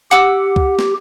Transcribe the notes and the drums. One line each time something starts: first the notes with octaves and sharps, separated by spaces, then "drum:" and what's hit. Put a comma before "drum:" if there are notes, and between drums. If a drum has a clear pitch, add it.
G4 F#5 D6 E6
drum: kick C#2
drum: snare